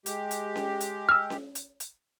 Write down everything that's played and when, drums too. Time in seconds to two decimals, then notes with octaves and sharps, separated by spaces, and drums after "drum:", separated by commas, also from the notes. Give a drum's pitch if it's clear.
0.06 G#3 G4, drum: hi-hat
0.31 drum: hi-hat
0.56 drum: snare C#4
0.80 drum: hi-hat
1.09 E6 F6
1.30 drum: snare C#4
1.55 drum: hi-hat
1.80 drum: hi-hat